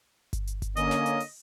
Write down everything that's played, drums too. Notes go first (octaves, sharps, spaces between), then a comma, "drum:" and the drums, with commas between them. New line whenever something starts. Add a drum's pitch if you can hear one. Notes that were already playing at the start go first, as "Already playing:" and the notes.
drum: kick G1, hi-hat
drum: hi-hat
drum: kick G1, hi-hat
D3 A#3 C#4 D#5, drum: hi-hat
drum: snare
drum: hi-hat
drum: open hi-hat